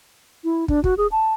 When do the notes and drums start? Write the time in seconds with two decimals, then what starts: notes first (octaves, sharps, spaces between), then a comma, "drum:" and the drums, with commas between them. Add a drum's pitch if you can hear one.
0.44 E4
0.68 D4, drum: kick
0.84 F#4, drum: kick
0.98 G#4
1.12 A5